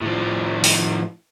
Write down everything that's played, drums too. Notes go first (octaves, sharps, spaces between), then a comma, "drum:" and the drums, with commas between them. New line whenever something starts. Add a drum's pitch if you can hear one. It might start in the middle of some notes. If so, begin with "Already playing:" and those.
A2 F3
drum: open hi-hat